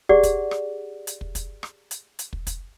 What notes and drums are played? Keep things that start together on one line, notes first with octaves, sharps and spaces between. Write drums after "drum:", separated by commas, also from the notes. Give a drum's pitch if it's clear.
G4 G#4 D5 F#5, drum: kick
drum: kick, hi-hat
drum: rim click
drum: hi-hat
drum: kick
drum: kick, hi-hat
drum: rim click
drum: hi-hat
drum: hi-hat
drum: kick
drum: kick, hi-hat